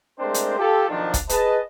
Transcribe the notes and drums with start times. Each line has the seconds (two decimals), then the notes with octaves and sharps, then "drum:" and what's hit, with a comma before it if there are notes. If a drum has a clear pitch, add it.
0.19 G#3 A3 C4 D4 A#4 C5
0.34 drum: hi-hat
0.58 F4 G4 A4
0.89 B1 D#3 F3 D4
1.14 drum: kick, hi-hat
1.29 G#4 B4 D#5 A5, drum: hi-hat